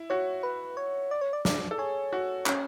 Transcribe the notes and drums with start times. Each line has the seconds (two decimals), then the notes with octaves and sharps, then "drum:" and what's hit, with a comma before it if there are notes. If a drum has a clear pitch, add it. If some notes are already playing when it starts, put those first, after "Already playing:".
Already playing: E4
0.10 F#4 C#5
0.43 B4
0.77 C#5
1.11 D5
1.21 C#5
1.33 D5
1.45 D5, drum: snare
1.71 A4
1.78 G#4 C#5
2.13 F#4
2.46 C#4, drum: clap